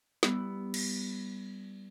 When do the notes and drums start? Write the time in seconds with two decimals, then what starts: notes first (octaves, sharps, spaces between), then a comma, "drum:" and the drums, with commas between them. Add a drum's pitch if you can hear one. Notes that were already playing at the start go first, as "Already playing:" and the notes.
0.23 G3 B3 E4, drum: snare
0.74 drum: cymbal